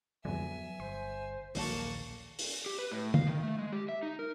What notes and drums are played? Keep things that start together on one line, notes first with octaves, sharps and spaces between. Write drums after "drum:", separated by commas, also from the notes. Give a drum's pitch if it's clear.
F2 G#2 D3 F#3 B3 E5 G#5
G1 C5 C6
A#1 D#2 D#3 F#3 A#3 A5 C#6, drum: open hi-hat
drum: open hi-hat
G4
B4
A2
F5, drum: tom
D#3
A3
G#3
G4
E5
D#4
A#4